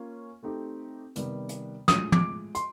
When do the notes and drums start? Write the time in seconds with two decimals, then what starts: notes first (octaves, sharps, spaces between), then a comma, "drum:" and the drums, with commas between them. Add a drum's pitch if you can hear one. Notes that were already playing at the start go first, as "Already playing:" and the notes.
Already playing: A#3 C#4 F4
0.43 A3 C4 D#4 G4
1.16 C3 D#3 G3 B3, drum: hi-hat
1.49 drum: hi-hat
1.88 A2 F3 G#3 D#6, drum: snare
2.12 D6, drum: tom
2.55 C6, drum: hi-hat